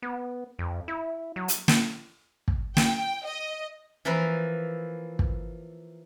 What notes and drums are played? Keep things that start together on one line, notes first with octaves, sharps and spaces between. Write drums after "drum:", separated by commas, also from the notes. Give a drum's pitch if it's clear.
B3
F2
E4
F#3
drum: hi-hat
drum: snare
drum: kick
G5, drum: snare
D#5
E3 F3 A#3 E4 A#4 B4
drum: kick